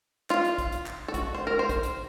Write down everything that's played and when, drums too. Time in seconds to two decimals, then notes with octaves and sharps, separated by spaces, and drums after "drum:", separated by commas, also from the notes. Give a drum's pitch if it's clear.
0.30 F4, drum: clap
0.45 drum: hi-hat
0.58 drum: kick, hi-hat
0.72 drum: hi-hat
0.86 drum: clap
1.08 A4
1.14 F#4, drum: kick, hi-hat
1.34 C5
1.47 A#4
1.59 C5
1.69 drum: kick, hi-hat
1.83 drum: hi-hat